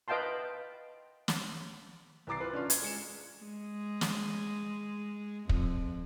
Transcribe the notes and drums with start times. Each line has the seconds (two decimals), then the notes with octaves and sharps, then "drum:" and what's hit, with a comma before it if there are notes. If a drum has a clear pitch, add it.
0.08 B4 D#5 F5 G5 A5 C6
1.28 drum: snare
2.27 C2 E3 A#5 D6 A6 C7
2.40 F4 B4
2.53 C#4 D4 F4
2.70 G#6, drum: hi-hat
2.82 G#3 C#7 E7
3.44 G#3
4.01 drum: snare
5.49 F2, drum: kick